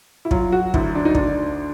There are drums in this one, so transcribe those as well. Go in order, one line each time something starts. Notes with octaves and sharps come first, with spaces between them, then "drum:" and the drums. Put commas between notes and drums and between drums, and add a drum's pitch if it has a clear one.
E4
F#3 F4, drum: kick
F#4
D2 E4, drum: kick
D4
D#4
D2 D4, drum: kick